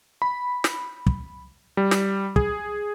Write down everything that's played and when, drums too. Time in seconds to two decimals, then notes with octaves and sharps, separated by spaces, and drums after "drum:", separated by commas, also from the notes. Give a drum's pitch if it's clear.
0.22 B5
0.64 drum: snare
1.06 drum: kick
1.77 G3
1.91 drum: snare
2.36 G#4, drum: kick